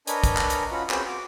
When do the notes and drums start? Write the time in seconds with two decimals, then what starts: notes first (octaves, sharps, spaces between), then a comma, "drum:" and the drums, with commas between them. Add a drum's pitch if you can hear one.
0.07 D4 A#4 B4 C#5 D#5 G#5, drum: hi-hat
0.24 drum: kick, hi-hat
0.37 drum: clap
0.50 drum: hi-hat
0.72 C#4 F4 F#4 F#5 B5
0.90 C4 C#4 F#4 G#4 B4 C5, drum: clap
1.08 F#4 D6